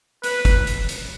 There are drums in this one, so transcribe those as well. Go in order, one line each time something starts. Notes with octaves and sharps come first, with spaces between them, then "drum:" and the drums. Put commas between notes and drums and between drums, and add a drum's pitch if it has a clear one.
B4, drum: hi-hat
drum: kick, hi-hat
drum: hi-hat
drum: hi-hat